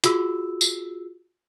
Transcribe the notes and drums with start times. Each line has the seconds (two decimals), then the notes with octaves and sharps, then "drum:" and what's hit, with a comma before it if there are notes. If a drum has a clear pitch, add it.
0.04 F4 F#4 G#4 E6, drum: hi-hat
0.61 drum: tambourine